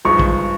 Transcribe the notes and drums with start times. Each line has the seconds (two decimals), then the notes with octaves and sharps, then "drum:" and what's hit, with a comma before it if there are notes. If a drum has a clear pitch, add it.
0.05 G2 F3 G#3 D#4 C#6
0.20 drum: kick